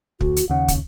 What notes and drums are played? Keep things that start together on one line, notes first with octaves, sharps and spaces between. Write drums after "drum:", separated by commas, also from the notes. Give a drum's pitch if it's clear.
D2 F#4, drum: kick
drum: hi-hat
D#2 C#3 F#5
drum: kick, hi-hat